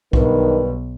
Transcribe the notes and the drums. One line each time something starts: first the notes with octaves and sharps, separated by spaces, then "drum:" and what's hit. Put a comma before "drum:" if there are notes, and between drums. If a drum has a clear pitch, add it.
B1 G2 D#3 B4, drum: kick B1